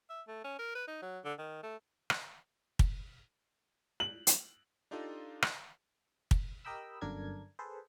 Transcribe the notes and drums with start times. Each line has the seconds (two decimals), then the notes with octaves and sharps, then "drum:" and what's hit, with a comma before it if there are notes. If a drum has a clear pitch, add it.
0.10 E5
0.28 A3
0.44 C#4
0.59 A#4
0.75 B4
0.88 D#4
1.02 F#3
1.25 D3
1.38 D#3
1.63 A3
2.10 drum: rim click
2.79 drum: kick
4.00 F#7
4.27 drum: hi-hat
4.91 D4 D#4 F4 G4 A4 D#5
5.42 drum: rim click
6.31 drum: kick
6.65 G4 A#4 D#5 G5 B5 E6
7.01 G1 F#2 D3 D4 A#4 G#6
7.59 G#4 A4 B4 C5